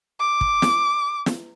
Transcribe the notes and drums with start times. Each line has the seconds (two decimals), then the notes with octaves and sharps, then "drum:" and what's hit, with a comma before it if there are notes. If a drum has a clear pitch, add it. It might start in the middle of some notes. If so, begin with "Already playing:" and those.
0.19 D6
0.41 drum: kick
0.62 drum: snare
1.26 drum: snare